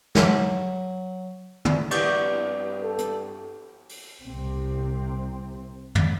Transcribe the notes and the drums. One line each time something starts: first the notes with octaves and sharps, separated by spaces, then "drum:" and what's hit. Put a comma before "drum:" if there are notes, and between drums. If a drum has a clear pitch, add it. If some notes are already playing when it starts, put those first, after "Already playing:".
F#3, drum: snare
drum: tom
G2 D5 C#6 G6, drum: cymbal
A4
drum: hi-hat
drum: open hi-hat
C2 C3 C4
drum: tom